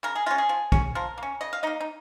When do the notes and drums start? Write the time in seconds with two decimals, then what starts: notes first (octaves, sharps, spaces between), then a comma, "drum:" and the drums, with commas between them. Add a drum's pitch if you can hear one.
0.03 C#3 A#4
0.15 G#4
0.26 G#3 C#4 F4
0.38 G#4
0.49 F3
0.72 C#4, drum: kick B1
0.95 F3 A#4
1.18 A#3
1.23 C#4
1.41 C#3 D#5
1.53 F5
1.63 A#3 D#4 D#5
1.81 D#4